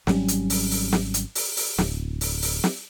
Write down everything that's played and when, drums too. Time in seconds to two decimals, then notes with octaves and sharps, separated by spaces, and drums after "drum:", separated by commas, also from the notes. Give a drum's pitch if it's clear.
0.07 G#1 F#3 G3 C#4, drum: snare
0.28 drum: hi-hat
0.50 drum: open hi-hat
0.71 drum: open hi-hat
0.92 drum: snare
1.14 drum: hi-hat
1.35 drum: open hi-hat
1.57 drum: open hi-hat
1.78 D1, drum: snare
2.21 drum: open hi-hat
2.42 drum: open hi-hat
2.64 drum: snare